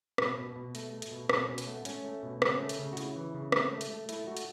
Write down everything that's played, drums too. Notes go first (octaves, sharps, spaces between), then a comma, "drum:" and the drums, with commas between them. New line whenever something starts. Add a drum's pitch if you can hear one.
B2 B4, drum: rim click
B2
B2
A3, drum: hi-hat
A3
drum: hi-hat
B2
B2 A4, drum: rim click
B2 C#4
drum: hi-hat
A3 B3
A3 C#4, drum: hi-hat
A3
B2
C#3 C#4, drum: rim click
A3
drum: hi-hat
C#3
F#4
C#3 E4, drum: hi-hat
E3
C#3
A3, drum: rim click
A3
drum: hi-hat
A3
A3 E4, drum: hi-hat
A3 F#4
drum: hi-hat